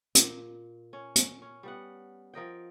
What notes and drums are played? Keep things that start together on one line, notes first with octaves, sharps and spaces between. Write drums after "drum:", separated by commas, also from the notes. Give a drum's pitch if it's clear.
A#2, drum: hi-hat
C#4
drum: hi-hat
C#4
G3 B3 F#5
F3 A#4 D#5 G5